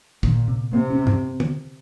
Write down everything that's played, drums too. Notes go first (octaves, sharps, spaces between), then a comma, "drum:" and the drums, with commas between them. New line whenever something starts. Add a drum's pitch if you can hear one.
A#2 D#3, drum: kick
C3
C3 A#3
C#4
C4, drum: tom
drum: tom